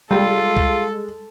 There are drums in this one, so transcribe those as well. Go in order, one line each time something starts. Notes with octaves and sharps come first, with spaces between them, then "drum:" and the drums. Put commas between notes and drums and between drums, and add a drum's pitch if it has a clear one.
G3 G#3 F4 A4
drum: kick